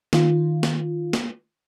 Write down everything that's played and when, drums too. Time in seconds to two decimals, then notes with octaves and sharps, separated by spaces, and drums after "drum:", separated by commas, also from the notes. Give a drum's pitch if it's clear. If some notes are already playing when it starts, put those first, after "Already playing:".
0.13 D#3 F4, drum: snare
0.63 drum: snare
1.13 drum: snare